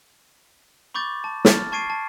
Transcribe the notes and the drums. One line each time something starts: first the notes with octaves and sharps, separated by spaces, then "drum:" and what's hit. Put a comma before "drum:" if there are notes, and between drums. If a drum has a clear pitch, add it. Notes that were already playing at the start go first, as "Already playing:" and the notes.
B5 C#6 D6 G6 A6
A5
A5 F6 A6, drum: snare
A5 C#6 G#6 C7 D7 D#7
A5